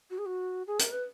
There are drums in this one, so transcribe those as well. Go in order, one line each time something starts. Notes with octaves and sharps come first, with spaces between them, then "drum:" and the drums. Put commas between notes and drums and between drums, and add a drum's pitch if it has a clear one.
F#4
G#4
F#4
G#4
A#4, drum: hi-hat
B4